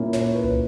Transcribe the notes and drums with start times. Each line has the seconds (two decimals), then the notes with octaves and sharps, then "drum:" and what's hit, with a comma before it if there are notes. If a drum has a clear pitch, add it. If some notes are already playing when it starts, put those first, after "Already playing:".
Already playing: A#2 A#3 C#4 E4
0.13 C#5, drum: snare
0.35 B4
0.44 drum: tom C2